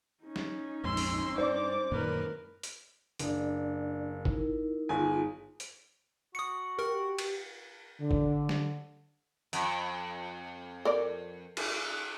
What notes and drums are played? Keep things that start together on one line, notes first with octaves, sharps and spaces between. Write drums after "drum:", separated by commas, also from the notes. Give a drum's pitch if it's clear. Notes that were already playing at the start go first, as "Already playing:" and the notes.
C#4 D#4
drum: snare
A#1 F2 G#2 C6 E6
drum: open hi-hat
G2 C5 D5 D6
F#2 A#2 D#3 A#4 B4
drum: hi-hat
F#1 D4 D5, drum: hi-hat
D#4 E4 A#4, drum: kick
G1 D#4 F4 G#4 G#5
drum: hi-hat
F#4 D#6 C#7
G4 A#4
drum: cymbal
D3
drum: kick
drum: snare
F2, drum: hi-hat
A4 A#4 D5
drum: cymbal